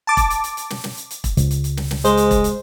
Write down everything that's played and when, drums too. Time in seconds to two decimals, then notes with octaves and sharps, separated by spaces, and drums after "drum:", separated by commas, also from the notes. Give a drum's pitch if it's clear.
0.07 A5 D6
0.17 drum: kick E1, hi-hat
0.30 drum: hi-hat
0.44 drum: hi-hat
0.57 drum: hi-hat
0.70 drum: snare
0.84 drum: snare
0.97 drum: hi-hat
1.11 drum: hi-hat
1.24 drum: kick E1, hi-hat
1.37 C#2, drum: hi-hat
1.51 drum: hi-hat
1.64 drum: hi-hat
1.77 drum: snare
1.91 drum: snare
2.05 G#3 C5, drum: hi-hat
2.17 drum: hi-hat
2.31 drum: kick E1, hi-hat
2.44 drum: hi-hat